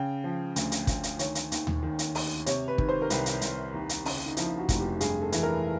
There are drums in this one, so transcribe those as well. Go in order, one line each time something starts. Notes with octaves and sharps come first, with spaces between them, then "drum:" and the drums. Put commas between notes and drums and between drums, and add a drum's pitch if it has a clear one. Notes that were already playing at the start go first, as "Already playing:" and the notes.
Already playing: C#3 G5
F3
D2, drum: hi-hat
drum: hi-hat
D2, drum: kick, hi-hat
drum: hi-hat
D#3 C#5, drum: hi-hat
drum: hi-hat
D#2, drum: hi-hat
drum: tom D#2
D#3
drum: hi-hat
D#2, drum: open hi-hat
C3 C#5, drum: hi-hat
B4
D#3, drum: kick
C5
A#4
C2 B4, drum: hi-hat
drum: hi-hat
C2, drum: hi-hat
D#2
drum: hi-hat
C#3, drum: open hi-hat
D#4
F3 E4, drum: hi-hat
F4
F#4
F1, drum: kick, hi-hat
G4
G2 G#4, drum: hi-hat
A4
E3, drum: hi-hat
A#4